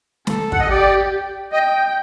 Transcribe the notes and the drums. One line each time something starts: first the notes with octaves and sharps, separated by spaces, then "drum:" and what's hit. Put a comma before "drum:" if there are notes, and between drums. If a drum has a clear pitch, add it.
A4, drum: snare
F#5, drum: kick
D#5
G4 D5
D#5 G5